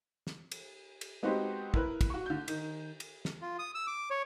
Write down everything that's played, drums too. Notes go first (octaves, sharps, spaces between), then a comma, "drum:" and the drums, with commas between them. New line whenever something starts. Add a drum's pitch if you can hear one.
drum: snare
drum: cymbal
drum: cymbal
G#3 B3 C4 D#4 F#4 G4
E4 A#4 B4, drum: kick
drum: kick, cymbal
F#4 C#6
D3 G6
D#3, drum: cymbal
drum: cymbal
drum: snare
F4
D#6
E6
D6
C#5